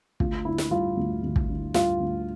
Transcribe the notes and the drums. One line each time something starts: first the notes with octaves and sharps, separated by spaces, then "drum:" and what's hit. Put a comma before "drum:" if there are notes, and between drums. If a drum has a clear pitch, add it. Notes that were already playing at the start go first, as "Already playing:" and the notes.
D2 F4, drum: kick
D3 E4
drum: snare
G3 F4
D2
D2
drum: kick
D3
G3 F4, drum: snare
D2